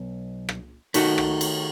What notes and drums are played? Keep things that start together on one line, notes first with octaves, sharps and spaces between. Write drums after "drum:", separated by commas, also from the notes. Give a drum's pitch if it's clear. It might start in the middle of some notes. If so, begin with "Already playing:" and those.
Already playing: B1
drum: rim click
D#3 A3 D#4 F#4, drum: cymbal
drum: rim click
drum: cymbal